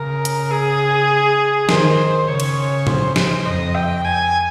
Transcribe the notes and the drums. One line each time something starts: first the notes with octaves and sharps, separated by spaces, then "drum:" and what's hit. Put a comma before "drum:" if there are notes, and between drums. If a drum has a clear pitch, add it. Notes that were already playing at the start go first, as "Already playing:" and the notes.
Already playing: C#3 A#4
drum: hi-hat
G#4
D#3 C5, drum: snare
C#3 C#5
drum: cymbal
C5, drum: tom A2
C5, drum: snare
F2 D#5
G5
G#5